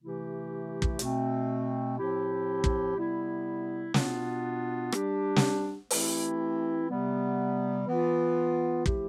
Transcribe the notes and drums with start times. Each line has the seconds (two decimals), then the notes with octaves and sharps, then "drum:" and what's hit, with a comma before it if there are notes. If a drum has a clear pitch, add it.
0.01 C3 E3 A3 E4 G4
0.82 drum: kick
0.99 B2 A3 C4, drum: hi-hat
1.97 A2 F3 C4 E4 G4
2.64 drum: kick
2.95 C3 G3 B3 E4
3.94 B2 B3 D4 F4, drum: snare
4.92 G3 D4 G4, drum: rim click
5.36 drum: snare
5.90 E3 A3 C4 E4 G4, drum: open hi-hat
6.89 C3 G3 B3
7.87 E3 B3 F4
8.86 F3 A3 E4 G4, drum: kick